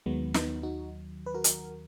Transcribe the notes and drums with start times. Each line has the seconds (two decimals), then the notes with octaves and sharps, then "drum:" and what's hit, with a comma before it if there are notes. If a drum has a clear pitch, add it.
0.06 D#2 D#3 F#3 G#3 B3
0.34 B3 D#4, drum: snare
0.63 D#4 F#4
1.26 B4
1.34 F#4 A#4
1.44 drum: hi-hat